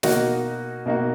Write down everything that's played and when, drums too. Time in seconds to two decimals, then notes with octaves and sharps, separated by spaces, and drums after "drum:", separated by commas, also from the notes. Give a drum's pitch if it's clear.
0.03 B2 A#3 D#4 F#4, drum: snare
0.86 B2 A#3 D#4 F#4